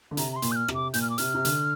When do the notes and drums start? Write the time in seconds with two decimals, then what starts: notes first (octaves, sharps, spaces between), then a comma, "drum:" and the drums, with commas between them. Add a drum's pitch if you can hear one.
0.11 D3
0.17 C3 A#5, drum: hi-hat
0.32 A#5
0.36 C6
0.42 A#2, drum: hi-hat
0.52 G6
0.56 F6
0.68 C3, drum: rim click
0.75 D6
0.94 A#2 G6, drum: hi-hat
1.02 F6
1.10 D6
1.18 C3 F6, drum: hi-hat
1.34 C3
1.45 D3, drum: hi-hat